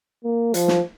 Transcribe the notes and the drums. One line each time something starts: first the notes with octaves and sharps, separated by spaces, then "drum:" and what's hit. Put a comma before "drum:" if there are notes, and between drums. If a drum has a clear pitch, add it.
A#3
F3, drum: hi-hat
drum: snare